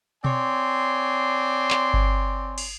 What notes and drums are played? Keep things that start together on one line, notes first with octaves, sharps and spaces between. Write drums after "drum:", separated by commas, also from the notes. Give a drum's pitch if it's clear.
C4 C#5 D5 G#5 C6, drum: tom B2
drum: clap
drum: kick G1
drum: cymbal